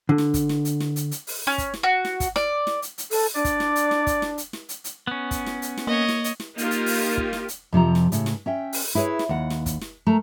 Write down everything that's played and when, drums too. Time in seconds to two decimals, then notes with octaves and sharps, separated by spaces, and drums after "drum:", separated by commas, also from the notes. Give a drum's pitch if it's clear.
0.09 D3
0.18 drum: snare
0.34 drum: kick, hi-hat
0.49 drum: snare
0.65 drum: hi-hat
0.80 drum: snare
0.96 drum: hi-hat
1.11 drum: hi-hat
1.27 drum: open hi-hat
1.47 C#4
1.58 drum: kick, hi-hat
1.74 drum: snare
1.83 F#4
2.05 drum: snare
2.20 drum: kick, hi-hat
2.36 D5, drum: snare
2.67 drum: snare
2.82 drum: hi-hat
2.98 drum: hi-hat
3.11 A4, drum: open hi-hat
3.35 D4 D5
3.44 drum: kick, hi-hat
3.60 drum: snare
3.76 drum: hi-hat
3.91 drum: snare
4.07 drum: kick, hi-hat
4.22 drum: snare
4.38 drum: hi-hat
4.53 drum: snare
4.69 drum: hi-hat
4.84 drum: hi-hat
5.07 B3 C#4
5.31 drum: kick, hi-hat
5.46 drum: snare
5.62 drum: hi-hat
5.77 drum: snare
5.87 A#3 C#5 D#5
6.09 drum: snare
6.24 drum: hi-hat
6.40 drum: snare
6.58 A#3 D#4 F4 G4, drum: hi-hat
6.71 drum: hi-hat
6.86 drum: open hi-hat
7.17 drum: kick
7.33 drum: snare
7.48 drum: hi-hat
7.73 F2 C3 F3 A#5
7.95 drum: snare
8.12 A2 C#3, drum: hi-hat
8.26 drum: snare
8.46 C#4 E5 G5
8.73 drum: open hi-hat
8.95 E4 G#4 B4 C#5
9.19 drum: snare
9.29 D#2 F#5
9.50 drum: snare
9.66 drum: kick, hi-hat
9.81 drum: snare
10.07 A3 A#4 A#5